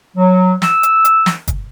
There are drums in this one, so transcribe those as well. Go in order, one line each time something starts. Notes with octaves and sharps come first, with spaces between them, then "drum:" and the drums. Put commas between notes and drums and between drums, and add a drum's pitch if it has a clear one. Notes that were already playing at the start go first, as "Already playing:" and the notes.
F#3
E6, drum: snare
drum: hi-hat
drum: hi-hat
drum: snare
drum: kick, hi-hat